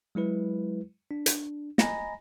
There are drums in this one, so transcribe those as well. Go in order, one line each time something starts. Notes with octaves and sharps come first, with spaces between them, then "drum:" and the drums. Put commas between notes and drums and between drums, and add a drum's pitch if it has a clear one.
F#3 G#3 E4 B4
D4
drum: hi-hat
D#5 G#5 A#5 B5 A#6, drum: snare